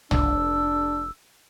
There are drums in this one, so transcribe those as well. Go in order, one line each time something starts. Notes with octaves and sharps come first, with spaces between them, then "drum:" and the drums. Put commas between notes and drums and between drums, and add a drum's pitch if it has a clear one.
F1 D4 E6, drum: tom